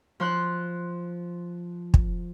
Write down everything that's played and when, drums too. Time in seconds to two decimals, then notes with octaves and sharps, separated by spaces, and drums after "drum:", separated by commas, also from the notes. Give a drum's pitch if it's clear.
0.20 F3 C6 F#6
1.94 drum: kick